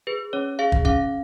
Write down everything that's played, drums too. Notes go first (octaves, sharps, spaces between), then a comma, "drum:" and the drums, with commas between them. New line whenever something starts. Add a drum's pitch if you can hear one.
G#4 B4
C#4 C#5
G#4 F5
drum: kick
C#4 F5, drum: kick